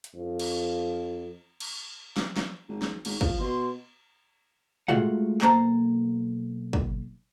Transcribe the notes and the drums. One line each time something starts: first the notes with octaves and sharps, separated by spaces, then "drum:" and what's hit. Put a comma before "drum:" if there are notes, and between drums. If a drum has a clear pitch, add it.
drum: hi-hat
F2
drum: cymbal
drum: cymbal
drum: snare
drum: snare
G#1
drum: snare
G#1, drum: cymbal
F3, drum: kick
B2 C6
G#3 A3 F4 F#4 F#5, drum: tom
B1 A#3 C5 A5 A#5, drum: clap
drum: kick